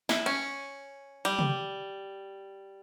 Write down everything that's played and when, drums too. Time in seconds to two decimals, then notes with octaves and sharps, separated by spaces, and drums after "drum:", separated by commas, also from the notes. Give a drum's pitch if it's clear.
0.09 E4, drum: snare
0.26 C#4, drum: cymbal
1.25 G3, drum: hi-hat
1.39 drum: tom C3